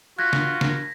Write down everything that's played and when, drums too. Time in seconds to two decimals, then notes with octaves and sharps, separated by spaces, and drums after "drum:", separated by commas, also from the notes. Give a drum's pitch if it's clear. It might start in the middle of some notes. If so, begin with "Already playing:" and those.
0.19 F4 F#4 F#6 G#6 A#6 B6
0.33 drum: snare
0.61 drum: snare